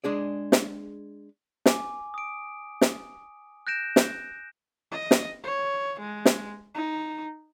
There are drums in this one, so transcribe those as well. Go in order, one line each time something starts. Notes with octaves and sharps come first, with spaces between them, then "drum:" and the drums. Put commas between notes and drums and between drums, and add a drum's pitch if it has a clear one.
G#3 D4 G#4 D5
drum: snare
G#5 D6, drum: snare
D#6 D7
drum: snare
F#6 G6 A#6 D7 E7
drum: snare
D#5
drum: snare
C#5
G#3
drum: snare
D#4